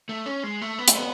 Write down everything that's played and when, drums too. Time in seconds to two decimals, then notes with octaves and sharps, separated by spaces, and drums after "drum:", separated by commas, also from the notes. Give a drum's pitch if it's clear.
0.09 A3
0.26 C#4
0.43 G#3
0.62 A3
0.78 B3
0.88 A3, drum: hi-hat
0.97 B3